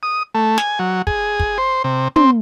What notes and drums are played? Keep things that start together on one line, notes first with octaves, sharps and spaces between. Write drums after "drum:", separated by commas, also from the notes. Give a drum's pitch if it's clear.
D#6
A3
G#5, drum: snare
F#3
G#4, drum: kick
drum: kick
C5
C3
C4, drum: tom